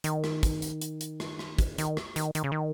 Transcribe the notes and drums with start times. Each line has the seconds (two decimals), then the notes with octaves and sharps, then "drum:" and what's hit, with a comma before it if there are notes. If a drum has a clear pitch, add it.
0.04 D#3, drum: hi-hat
0.24 drum: rim click
0.43 drum: kick, hi-hat
0.62 drum: hi-hat
0.81 drum: hi-hat
1.01 drum: hi-hat
1.20 drum: rim click
1.39 drum: rim click
1.59 drum: kick, hi-hat
1.78 D#3, drum: hi-hat
1.97 drum: rim click
2.16 D#3, drum: hi-hat
2.35 D#3, drum: hi-hat
2.44 C#3
2.52 D#3